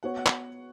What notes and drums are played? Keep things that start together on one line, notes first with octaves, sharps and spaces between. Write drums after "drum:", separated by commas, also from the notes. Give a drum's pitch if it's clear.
B3 F#4 C#5 F#5
F#5
drum: clap